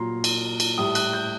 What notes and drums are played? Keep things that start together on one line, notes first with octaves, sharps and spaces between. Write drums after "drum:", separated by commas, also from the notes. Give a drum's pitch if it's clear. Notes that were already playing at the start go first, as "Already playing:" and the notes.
Already playing: A#2 F#3 A#5 C6
drum: cymbal
drum: cymbal
A2 G3 D#6
F#6, drum: cymbal
G6